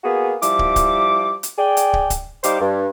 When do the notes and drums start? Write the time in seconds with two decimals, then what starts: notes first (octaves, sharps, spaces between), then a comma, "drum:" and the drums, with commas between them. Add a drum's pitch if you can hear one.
0.04 A#3 B3 F#4 G#4
0.42 F3 G3 E4 D6, drum: hi-hat
0.59 drum: kick
0.76 drum: kick, hi-hat
1.43 drum: hi-hat
1.57 G#4 D5 G5
1.77 drum: hi-hat
1.93 drum: kick
2.10 drum: kick, hi-hat
2.44 G3 D#4 C5 F5 D6, drum: hi-hat
2.60 G2